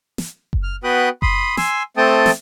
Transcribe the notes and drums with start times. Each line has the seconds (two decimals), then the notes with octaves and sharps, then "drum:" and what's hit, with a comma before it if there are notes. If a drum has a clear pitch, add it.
0.18 drum: snare
0.53 drum: kick F#1
0.63 F6
0.84 B3 F#4 B4 G5 D#6 F#6
1.22 B5 C6 D#6, drum: kick F#1
1.57 G#5 C6 E6, drum: snare
1.97 A3 C4 A4 G5 A5 D#6
2.26 drum: snare